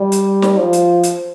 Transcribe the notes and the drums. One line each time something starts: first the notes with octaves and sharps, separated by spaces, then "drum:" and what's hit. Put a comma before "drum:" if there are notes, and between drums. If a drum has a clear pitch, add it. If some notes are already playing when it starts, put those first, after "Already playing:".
Already playing: G3
drum: hi-hat
drum: snare
F3
drum: hi-hat
drum: hi-hat